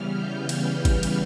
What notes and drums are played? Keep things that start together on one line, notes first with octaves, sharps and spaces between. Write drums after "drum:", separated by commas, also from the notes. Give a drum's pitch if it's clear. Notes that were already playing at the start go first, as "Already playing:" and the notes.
Already playing: C#3 E3 G3 B3 F6
G6
F6, drum: cymbal
drum: kick G#1, cymbal
drum: cymbal